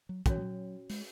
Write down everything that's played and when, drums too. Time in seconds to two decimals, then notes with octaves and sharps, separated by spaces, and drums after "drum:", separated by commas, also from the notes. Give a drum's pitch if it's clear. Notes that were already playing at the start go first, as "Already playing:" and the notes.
0.09 F#3
0.26 E3 C#4 F#4 C#5, drum: kick, hi-hat
0.37 G#3
0.41 F#3
0.90 G#3, drum: open hi-hat